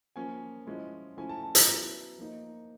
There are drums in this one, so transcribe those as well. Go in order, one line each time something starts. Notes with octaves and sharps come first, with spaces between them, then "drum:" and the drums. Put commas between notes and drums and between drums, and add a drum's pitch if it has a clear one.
F3 A#3 C#4 G#5
F3 G#3 C#4 E4
F3 A3 C#4 E4 G#5
A5
A5
A#5, drum: hi-hat
F#3 B3 E4
F3 A#3 D#4